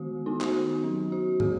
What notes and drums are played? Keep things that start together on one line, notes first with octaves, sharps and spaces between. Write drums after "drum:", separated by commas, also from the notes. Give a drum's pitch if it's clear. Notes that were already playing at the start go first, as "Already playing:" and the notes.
Already playing: D#3 G#3 B3 F#4
D#3 B3 D#4
F#4, drum: clap
F#3 C#4
F#4
D#3 G#3 B3 G#4, drum: tom